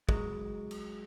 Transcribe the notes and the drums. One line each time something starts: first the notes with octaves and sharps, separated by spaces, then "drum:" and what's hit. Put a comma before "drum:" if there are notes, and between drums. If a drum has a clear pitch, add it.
F#3 G#3, drum: kick
drum: cymbal